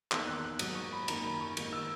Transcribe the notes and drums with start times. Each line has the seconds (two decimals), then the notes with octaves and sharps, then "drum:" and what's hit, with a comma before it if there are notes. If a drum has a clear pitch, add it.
0.12 E2 D#3 A#3 E6, drum: clap
0.27 F#6
0.44 F#6
0.59 G#2 F#3 A#3 D#6, drum: cymbal
0.75 C#6
0.92 B5
1.08 F#2 D#3 A#3 A#5, drum: cymbal
1.24 B5
1.41 C#6
1.57 G#2 D#3 A#3, drum: cymbal
1.73 E6